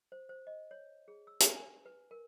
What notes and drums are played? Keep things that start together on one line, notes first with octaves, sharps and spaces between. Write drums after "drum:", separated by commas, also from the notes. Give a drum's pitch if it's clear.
C5
C5
D#5
C#5
G#4
E6
B4, drum: hi-hat
G#5
B4
A#4